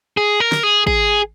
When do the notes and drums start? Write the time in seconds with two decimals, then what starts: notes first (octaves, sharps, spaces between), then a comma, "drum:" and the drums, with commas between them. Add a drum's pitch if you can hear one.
0.17 G#4
0.40 A#4
0.52 drum: snare
0.63 G#4
0.87 G#4, drum: kick